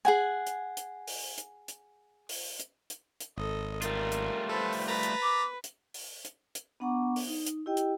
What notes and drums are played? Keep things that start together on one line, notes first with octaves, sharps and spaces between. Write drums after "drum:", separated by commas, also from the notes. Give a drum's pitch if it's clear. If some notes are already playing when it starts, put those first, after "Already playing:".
G#4 F#5 G#5
drum: hi-hat
drum: hi-hat
drum: open hi-hat
drum: hi-hat
drum: hi-hat
drum: open hi-hat
drum: hi-hat
drum: hi-hat
drum: hi-hat
G#1 A4 D#5
G3 A3 F4 A#4, drum: hi-hat
drum: hi-hat
A4 B4 C5
drum: open hi-hat
B4 A#5 A6 B6
drum: hi-hat
D6
drum: hi-hat
drum: open hi-hat
drum: hi-hat
drum: hi-hat
B3 D4 F#5 A#5 C#6 D6
drum: open hi-hat
D#4
drum: hi-hat
E4 G4 D#5 G5
drum: hi-hat